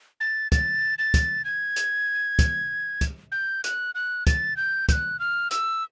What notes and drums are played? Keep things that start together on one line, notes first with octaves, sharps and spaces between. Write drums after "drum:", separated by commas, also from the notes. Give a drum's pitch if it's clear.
A6
A6, drum: kick, hi-hat
A6
drum: kick, hi-hat
G#6
drum: hi-hat
drum: kick, hi-hat
drum: kick, hi-hat
G6
F#6, drum: hi-hat
F#6
A6, drum: kick, hi-hat
G6
G6, drum: kick, hi-hat
F#6
F6
E6, drum: hi-hat